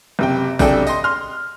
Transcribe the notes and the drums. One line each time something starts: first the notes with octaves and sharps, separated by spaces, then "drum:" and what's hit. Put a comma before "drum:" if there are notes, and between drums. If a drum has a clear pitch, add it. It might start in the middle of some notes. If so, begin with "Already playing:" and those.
F#1 C3 G5
F#1 C3 D4 G#4 A4 G5, drum: kick A1, tambourine
D#5 C6, drum: tambourine
C6 F6